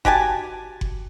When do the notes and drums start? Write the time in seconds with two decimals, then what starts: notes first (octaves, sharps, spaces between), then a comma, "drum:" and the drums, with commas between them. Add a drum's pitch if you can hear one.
0.05 F#4 G4 G#5 A5, drum: kick F#1
0.81 drum: kick F#1